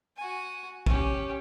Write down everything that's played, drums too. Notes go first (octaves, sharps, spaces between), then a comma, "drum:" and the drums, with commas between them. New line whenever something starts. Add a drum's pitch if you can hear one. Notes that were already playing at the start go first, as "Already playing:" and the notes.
F#4 G#5
C#4 G4, drum: kick